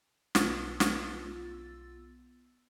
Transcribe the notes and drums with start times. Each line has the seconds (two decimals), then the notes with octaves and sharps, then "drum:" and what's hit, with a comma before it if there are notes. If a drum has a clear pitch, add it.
0.35 B1 B3 F4 E6 A6, drum: snare
0.80 drum: snare